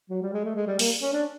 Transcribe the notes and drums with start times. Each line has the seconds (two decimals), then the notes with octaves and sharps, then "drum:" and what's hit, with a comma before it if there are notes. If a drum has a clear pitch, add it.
0.10 F#3
0.22 G3
0.33 G#3
0.45 A3
0.56 G#3
0.67 G3
0.79 A#3, drum: open hi-hat
1.02 C#4
1.13 D4